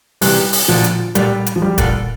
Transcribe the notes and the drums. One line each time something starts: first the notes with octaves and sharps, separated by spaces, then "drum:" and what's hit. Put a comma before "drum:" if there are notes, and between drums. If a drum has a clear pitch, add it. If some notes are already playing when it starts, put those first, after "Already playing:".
C3 E3 G3, drum: open hi-hat
drum: open hi-hat
A#2 D3 F3
drum: hi-hat
A#2 D3 G3, drum: hi-hat
drum: hi-hat
F3
G3
A#2 D3, drum: kick, hi-hat